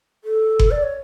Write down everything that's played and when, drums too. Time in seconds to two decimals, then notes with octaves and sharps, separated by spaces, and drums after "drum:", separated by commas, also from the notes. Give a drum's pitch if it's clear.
0.24 A4
0.59 drum: kick F#1
0.71 D5
0.83 C#5